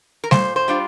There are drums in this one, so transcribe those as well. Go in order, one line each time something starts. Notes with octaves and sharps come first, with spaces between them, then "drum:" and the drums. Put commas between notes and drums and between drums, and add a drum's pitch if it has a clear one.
A#4
A#2 C5, drum: snare G3
C5
G3 D4 F4